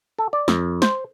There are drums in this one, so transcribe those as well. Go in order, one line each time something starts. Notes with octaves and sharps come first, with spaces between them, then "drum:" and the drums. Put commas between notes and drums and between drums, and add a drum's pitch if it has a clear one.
A4
D5
F2, drum: snare
C5, drum: snare